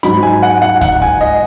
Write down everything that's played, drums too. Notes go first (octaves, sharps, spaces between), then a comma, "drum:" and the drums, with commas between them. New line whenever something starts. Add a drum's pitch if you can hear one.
G#2 F#3 D#4 B5, drum: hi-hat
G#5
F#5
F#5
F#5, drum: kick C#2, hi-hat
G#5
D#5